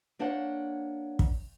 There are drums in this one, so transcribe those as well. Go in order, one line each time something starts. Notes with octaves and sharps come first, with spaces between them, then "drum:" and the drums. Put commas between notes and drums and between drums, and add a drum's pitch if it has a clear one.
A#3 D4 C5 C#5 F#5
drum: kick